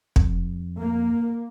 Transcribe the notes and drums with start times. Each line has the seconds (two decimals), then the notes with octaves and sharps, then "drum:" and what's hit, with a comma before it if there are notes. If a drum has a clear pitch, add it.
0.16 F2, drum: kick
0.80 A#3